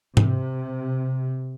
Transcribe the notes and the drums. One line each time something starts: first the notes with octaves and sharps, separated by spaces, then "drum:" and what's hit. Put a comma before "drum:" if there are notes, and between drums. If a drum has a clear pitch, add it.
C3, drum: tom G#2